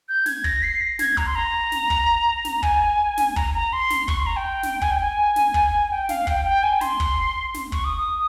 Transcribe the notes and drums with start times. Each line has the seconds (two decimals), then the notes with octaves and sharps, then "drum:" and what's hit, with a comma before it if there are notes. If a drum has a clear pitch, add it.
0.09 G6
0.26 G#6, drum: snare
0.44 A#6, drum: kick
0.63 C7
0.81 A#6
0.99 G#6, drum: snare
1.17 A#5, drum: kick
1.27 C6
1.35 A#5
1.72 drum: snare
1.90 drum: kick
2.45 drum: snare
2.63 G#5, drum: kick
3.17 drum: snare
3.36 A#5, drum: kick
3.54 A#5
3.73 C6
3.90 drum: snare
4.08 C#6, drum: kick
4.18 C6
4.26 A#5
4.36 G5
4.63 drum: snare
4.82 G#5, drum: kick
4.91 G5
5.01 G#5
5.36 drum: snare
5.54 drum: kick
5.91 G5
6.09 F5, drum: snare
6.27 G5, drum: kick
6.45 G5
6.63 G#5
6.81 C6, drum: snare
7.00 drum: kick
7.54 drum: snare
7.72 C#6, drum: kick
7.85 D#6
7.97 D#6